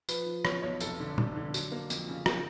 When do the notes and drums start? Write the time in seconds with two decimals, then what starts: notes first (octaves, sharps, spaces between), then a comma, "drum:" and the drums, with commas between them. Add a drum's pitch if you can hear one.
0.09 F3 B4, drum: tambourine
0.26 F3
0.45 F3 C#5, drum: rim click
0.62 B1 C#5
0.80 F1 A4, drum: tambourine
1.00 D3
1.18 D3, drum: tom A#2
1.36 D3
1.54 F#3, drum: tambourine
1.72 A#3
1.90 F2, drum: tambourine
2.08 C#3
2.26 A#4, drum: rim click